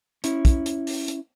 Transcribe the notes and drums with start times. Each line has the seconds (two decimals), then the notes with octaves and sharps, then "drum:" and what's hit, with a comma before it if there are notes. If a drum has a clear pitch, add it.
0.24 C#4 E4, drum: hi-hat
0.45 drum: kick, hi-hat
0.66 drum: hi-hat
0.87 drum: open hi-hat
1.08 drum: hi-hat